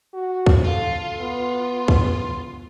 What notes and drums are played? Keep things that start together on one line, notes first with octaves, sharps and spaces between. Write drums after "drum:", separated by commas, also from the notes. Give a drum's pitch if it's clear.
F#4
drum: kick
F4 A4
B3
drum: kick